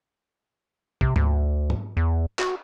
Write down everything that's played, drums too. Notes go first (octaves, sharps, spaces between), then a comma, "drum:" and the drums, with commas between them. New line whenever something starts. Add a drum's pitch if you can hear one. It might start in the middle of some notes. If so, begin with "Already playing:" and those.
C3, drum: kick A#1
D2, drum: tom G#2
drum: tom G#2
E2
F#4, drum: clap